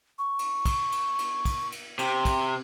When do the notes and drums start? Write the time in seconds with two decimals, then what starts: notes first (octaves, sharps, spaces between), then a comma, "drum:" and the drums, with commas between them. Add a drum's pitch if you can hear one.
0.19 C#6
0.39 drum: cymbal
0.65 drum: kick, cymbal
0.92 drum: cymbal
1.19 drum: cymbal
1.45 drum: kick, cymbal
1.72 drum: cymbal
1.99 C3 G5, drum: cymbal
2.25 drum: kick, cymbal